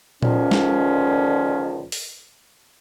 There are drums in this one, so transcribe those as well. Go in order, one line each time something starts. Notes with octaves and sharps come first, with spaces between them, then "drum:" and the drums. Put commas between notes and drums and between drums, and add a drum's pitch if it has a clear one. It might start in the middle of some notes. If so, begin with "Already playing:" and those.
C#2 A#2 D3 D#3 F3 C#4, drum: tom A#2
drum: snare
drum: open hi-hat